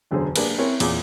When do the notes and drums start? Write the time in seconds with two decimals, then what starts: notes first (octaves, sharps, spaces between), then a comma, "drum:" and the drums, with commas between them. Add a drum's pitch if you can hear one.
0.11 E1 F#2 D3 G#4 C5
0.36 A#3 D4 G4 G#4 A#4 B4, drum: cymbal
0.58 C4 C#4 E4 A#4 C#5
0.80 E2 A#2 G#4 D6, drum: cymbal